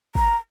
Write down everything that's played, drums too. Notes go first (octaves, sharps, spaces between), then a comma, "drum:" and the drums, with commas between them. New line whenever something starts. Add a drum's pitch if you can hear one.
A#5, drum: kick